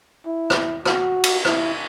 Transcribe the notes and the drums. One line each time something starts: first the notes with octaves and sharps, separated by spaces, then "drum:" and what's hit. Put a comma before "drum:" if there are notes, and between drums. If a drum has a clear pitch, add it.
E4
drum: rim click
F#4, drum: rim click
drum: cymbal
E4, drum: rim click